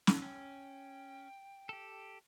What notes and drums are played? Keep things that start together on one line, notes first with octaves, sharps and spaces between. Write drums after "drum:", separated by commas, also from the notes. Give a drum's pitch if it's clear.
drum: snare
C#4 G5
G4 A4